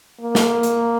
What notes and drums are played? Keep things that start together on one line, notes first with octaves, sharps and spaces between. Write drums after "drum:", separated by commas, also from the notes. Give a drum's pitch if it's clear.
A#3
drum: snare
drum: hi-hat